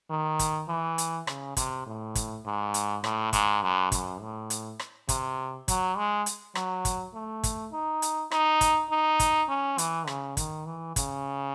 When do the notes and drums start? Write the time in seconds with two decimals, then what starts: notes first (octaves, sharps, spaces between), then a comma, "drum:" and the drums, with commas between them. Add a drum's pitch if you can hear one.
0.10 D#3
0.39 drum: kick, hi-hat
0.68 E3
0.98 drum: hi-hat
1.27 C#3, drum: rim click
1.57 C3, drum: kick, hi-hat
1.87 A2
2.15 drum: kick, hi-hat
2.45 G#2
2.74 drum: hi-hat
3.04 A2, drum: rim click
3.33 G#2, drum: kick, hi-hat
3.63 F#2
3.92 F#2, drum: kick, hi-hat
4.21 A2
4.50 drum: hi-hat
4.79 drum: rim click
5.09 C3, drum: kick, hi-hat
5.68 F#3, drum: kick, hi-hat
5.97 G#3
6.26 drum: hi-hat
6.55 F#3, drum: rim click
6.85 drum: kick, hi-hat
7.14 A3
7.44 drum: kick, hi-hat
7.72 D#4
8.02 drum: hi-hat
8.31 D#4, drum: rim click
8.61 drum: kick, hi-hat
8.91 D#4
9.20 drum: kick, hi-hat
9.49 C#4
9.78 E3, drum: hi-hat
10.07 C#3, drum: rim click
10.37 D#3, drum: kick, hi-hat
10.66 E3
10.96 C#3, drum: kick, hi-hat